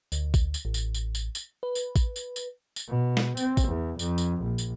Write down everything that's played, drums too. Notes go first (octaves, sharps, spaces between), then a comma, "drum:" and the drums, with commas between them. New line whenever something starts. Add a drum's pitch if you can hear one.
D2, drum: tambourine
drum: kick, tambourine
drum: tambourine
A1
drum: tambourine
drum: tambourine
drum: tambourine
drum: tambourine
B4
drum: tambourine
drum: kick, tambourine
drum: tambourine
drum: tambourine
drum: tambourine
B2
drum: snare
C4, drum: tambourine
drum: kick, tambourine
E2
F2, drum: tambourine
drum: tambourine
A#1
drum: tambourine